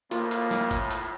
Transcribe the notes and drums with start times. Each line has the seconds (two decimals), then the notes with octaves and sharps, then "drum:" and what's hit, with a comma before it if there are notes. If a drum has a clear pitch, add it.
0.11 F2 A2 A#3 F4, drum: hi-hat
0.31 drum: hi-hat
0.51 drum: snare
0.71 drum: kick F#1, hi-hat
0.91 drum: hi-hat